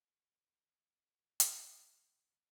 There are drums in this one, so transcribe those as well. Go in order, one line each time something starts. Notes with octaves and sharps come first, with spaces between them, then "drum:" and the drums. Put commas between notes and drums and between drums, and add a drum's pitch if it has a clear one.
C4 C#4 F#4 G4 A4
drum: hi-hat